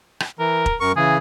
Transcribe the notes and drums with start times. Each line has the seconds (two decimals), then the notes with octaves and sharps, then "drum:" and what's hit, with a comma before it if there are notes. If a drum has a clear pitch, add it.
0.20 drum: rim click
0.39 E3 A#4
0.66 drum: kick E1
0.80 F#2 A#4 C#6
0.96 C#3 E3 G#4